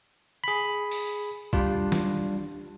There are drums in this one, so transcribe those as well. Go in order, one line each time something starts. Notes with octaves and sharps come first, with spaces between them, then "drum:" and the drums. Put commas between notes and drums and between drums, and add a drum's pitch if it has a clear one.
G#4 B5
drum: open hi-hat
G3 D4 F4, drum: kick
drum: snare